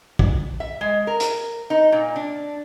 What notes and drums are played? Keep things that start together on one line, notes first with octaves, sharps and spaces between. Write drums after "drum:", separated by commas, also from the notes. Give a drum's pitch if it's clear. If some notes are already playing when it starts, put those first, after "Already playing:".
drum: kick
E5
G#3
A#4
drum: hi-hat
D#4
A#2
D4